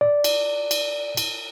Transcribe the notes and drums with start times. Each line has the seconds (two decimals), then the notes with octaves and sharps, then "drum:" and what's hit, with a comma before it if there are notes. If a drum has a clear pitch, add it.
0.01 D5
0.24 drum: cymbal
0.71 drum: cymbal
1.17 drum: cymbal